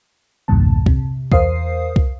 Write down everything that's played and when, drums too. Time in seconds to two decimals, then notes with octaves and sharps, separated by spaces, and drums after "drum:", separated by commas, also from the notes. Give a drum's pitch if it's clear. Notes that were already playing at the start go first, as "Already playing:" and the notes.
0.48 B1 E2 G2 A#2 D3 A5
0.86 C3, drum: kick C2
1.32 E2 A#4 C5 F5 D#6 C7, drum: kick C2
1.96 drum: kick C2